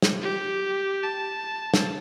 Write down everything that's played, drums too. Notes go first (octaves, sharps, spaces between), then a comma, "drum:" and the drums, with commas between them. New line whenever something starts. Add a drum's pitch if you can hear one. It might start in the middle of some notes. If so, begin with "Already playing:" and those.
drum: snare
G4
A5
drum: snare